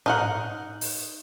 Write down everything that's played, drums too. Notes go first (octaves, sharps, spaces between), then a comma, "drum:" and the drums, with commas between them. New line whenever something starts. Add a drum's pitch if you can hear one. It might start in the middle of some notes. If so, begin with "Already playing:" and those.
D#4 A#4 F#5, drum: tom A2
drum: open hi-hat